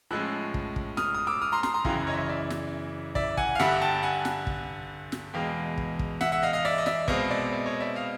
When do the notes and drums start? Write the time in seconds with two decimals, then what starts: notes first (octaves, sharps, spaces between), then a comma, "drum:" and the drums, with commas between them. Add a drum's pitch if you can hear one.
0.11 A2 F3 G#3 C#4 E6 F#6
0.54 drum: kick
0.76 drum: kick
0.97 D#6 F6, drum: snare
1.14 D#6
1.27 D6 E6
1.42 D#6 F6
1.52 A#5 C6
1.63 A#5 C6, drum: snare
1.74 A#5 C6
1.85 F#2 C#3 E3 F5 G5, drum: kick
2.07 C#5 D#5
2.13 E5
2.17 C#5 D#5
2.29 D5 E5
2.50 drum: snare
3.15 D5 E5, drum: kick
3.37 F#5 G#5, drum: kick
3.55 F5
3.59 G2 D3 G3 E5 F#5, drum: snare
3.82 G5 A5
4.03 F#5 G#5
4.25 drum: snare
4.47 drum: kick
5.12 drum: snare
5.33 E2 B2 G#3 F5 G5
5.78 drum: kick
5.99 drum: kick
6.21 E5 F#5, drum: snare
6.32 E5 F#5
6.43 D#5 F5
6.53 D#5 F5
6.65 D5 E5
6.78 D#5
6.86 D5 E5, drum: snare
7.08 B2 G#3 C4 D#5 F5, drum: kick
7.31 D5 E5
7.52 D5 E5
7.66 C#5 D#5
7.80 D5 E5
7.95 D#5 F5